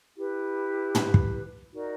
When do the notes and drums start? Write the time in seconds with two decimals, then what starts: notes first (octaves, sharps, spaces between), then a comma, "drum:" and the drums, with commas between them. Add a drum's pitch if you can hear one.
0.17 E4 G4 B4
0.95 drum: tom
1.14 drum: kick
1.72 D#4 F#4 A#4 D5